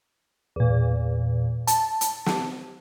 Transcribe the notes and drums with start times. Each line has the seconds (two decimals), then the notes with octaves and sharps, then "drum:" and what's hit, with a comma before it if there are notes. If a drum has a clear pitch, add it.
0.56 E2 A#2
1.67 A5, drum: hi-hat
2.01 drum: hi-hat
2.26 drum: snare